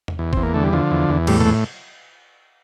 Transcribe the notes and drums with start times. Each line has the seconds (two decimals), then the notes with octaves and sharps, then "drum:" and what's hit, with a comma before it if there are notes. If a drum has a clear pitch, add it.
0.08 drum: tom E2
0.19 E2
0.33 E2 C4, drum: kick G#1
0.43 A#3
0.54 D3 A3
0.63 G3
0.73 D3 F3
0.91 E2
1.09 E2
1.27 A2 G3, drum: cymbal
1.41 A3, drum: tom A#2
1.46 A2